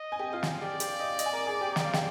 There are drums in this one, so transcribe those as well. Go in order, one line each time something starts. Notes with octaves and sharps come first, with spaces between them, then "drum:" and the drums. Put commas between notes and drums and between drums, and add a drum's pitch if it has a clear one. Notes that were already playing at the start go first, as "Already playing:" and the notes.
Already playing: D#5
G#5
G4 G5
F4 F5
drum: snare
G4 D5 G5
G4 G5, drum: hi-hat
D#5
D#5, drum: hi-hat
G#5
A#4 A#5
G#4 G#5
G4 G5
G5, drum: snare
F5
G4 G5, drum: snare